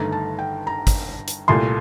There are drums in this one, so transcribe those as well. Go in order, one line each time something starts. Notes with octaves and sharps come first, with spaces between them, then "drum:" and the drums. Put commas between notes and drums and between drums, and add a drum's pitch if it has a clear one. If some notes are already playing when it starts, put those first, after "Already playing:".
Already playing: G1 G2 D#3 A3 A#5
A5
G5
A#5
drum: kick, hi-hat
drum: hi-hat
C2 A#2 A3 C6